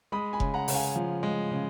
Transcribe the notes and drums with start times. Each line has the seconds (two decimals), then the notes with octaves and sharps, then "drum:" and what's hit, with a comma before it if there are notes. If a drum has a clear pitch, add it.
0.12 G#3 B5 D#6
0.33 G#5 B5
0.40 C#3, drum: kick F1
0.54 F#5 A#5
0.68 C#3, drum: open hi-hat
0.75 F5 G#5
0.96 F3
1.23 G#3
1.51 C#3